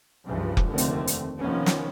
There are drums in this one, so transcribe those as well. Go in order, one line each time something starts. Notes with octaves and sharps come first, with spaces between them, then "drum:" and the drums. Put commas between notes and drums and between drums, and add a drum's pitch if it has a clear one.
C#2 G2 E3 F3
drum: kick F1
F1 D#2 D3 D#3 A3 C4
drum: hi-hat
drum: hi-hat
C3 D#3 F3 A#3 B3 C#4
drum: snare